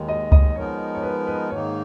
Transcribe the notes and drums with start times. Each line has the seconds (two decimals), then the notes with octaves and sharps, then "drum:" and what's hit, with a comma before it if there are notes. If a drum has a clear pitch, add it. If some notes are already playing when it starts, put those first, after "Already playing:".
Already playing: D#2 D#3 G#3
0.08 D#5
0.32 D#5, drum: kick C#2
0.55 F3 G#3 B3 D#4 A#4 C#5
0.95 C#5
1.03 B4
1.27 B4
1.50 G#2 D#3 A#3 D#4 C#5